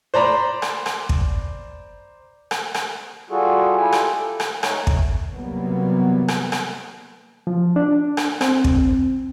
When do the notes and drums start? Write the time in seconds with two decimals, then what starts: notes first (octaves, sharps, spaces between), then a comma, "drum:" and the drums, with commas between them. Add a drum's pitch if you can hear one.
0.14 C5 D5 A#5 B5
0.62 drum: rim click
0.86 drum: rim click
1.09 drum: kick
2.51 drum: rim click
2.74 drum: rim click
3.30 G3 F4 F#4 G#4 A4
3.77 E4 F4 G4 A4 G5 G#5
3.92 drum: rim click
4.11 A4
4.40 drum: rim click
4.63 A3 D#4 C#5, drum: rim click
4.87 drum: kick
5.33 C3 E3 F#3 G3 A#3 B3
6.28 drum: rim click
6.52 drum: rim click
7.47 F3
7.76 D4
8.17 drum: rim click
8.41 C4, drum: rim click
8.64 drum: kick